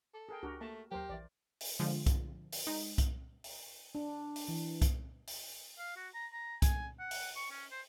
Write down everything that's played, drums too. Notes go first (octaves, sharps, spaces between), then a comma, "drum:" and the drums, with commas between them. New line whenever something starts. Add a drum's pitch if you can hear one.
A4 D6
G#4 A#4 G5
C#2 D4 F#4 G4 A#4
A3 A#3 A5
D#2 F#3 G4 A#4 C5
A#1 E3 D5 E5
drum: open hi-hat
D3 F3 G#3
drum: kick C2, hi-hat
drum: open hi-hat
G#3 D#4
drum: kick C2, hi-hat
drum: open hi-hat
D4
drum: open hi-hat
E3
drum: kick C2, hi-hat
drum: open hi-hat
F5
F#4
A#5
A#5
G#5, drum: kick C2, hi-hat
F#5
drum: open hi-hat
C#6
C#4
C5